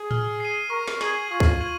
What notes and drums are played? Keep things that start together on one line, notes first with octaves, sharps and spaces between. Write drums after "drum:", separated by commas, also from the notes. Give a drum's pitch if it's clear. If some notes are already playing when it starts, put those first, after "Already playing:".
Already playing: G#4
F6, drum: tom A2
C7 D#7
A#4 C#6
drum: snare
G#4 G#6 D#7 F#7, drum: snare
F4 C#6
drum: kick
G#6 D#7 F#7